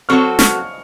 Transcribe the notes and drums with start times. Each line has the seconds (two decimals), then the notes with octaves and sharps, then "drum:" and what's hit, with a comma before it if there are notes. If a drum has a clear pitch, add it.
0.09 F#3 C4 F#4 A4 C#6 F6
0.39 C#6 F6, drum: snare